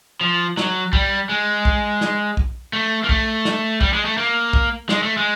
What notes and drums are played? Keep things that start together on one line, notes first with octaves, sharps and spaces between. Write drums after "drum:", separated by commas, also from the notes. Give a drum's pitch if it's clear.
F3
F#3, drum: snare
G3, drum: kick
G#3
drum: kick
drum: snare
drum: kick
A3
A#3
A3, drum: kick
drum: snare
G3, drum: kick
G#3
A3
A#3
drum: kick
G#3, drum: snare
A3
G#3